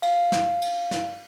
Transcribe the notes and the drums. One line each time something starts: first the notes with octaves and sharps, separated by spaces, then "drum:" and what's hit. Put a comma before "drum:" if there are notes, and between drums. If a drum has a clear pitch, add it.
F5, drum: cymbal
drum: snare
drum: cymbal
drum: snare